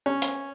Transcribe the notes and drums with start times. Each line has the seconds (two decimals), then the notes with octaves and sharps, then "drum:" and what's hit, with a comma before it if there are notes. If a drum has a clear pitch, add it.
0.06 C#4
0.22 drum: hi-hat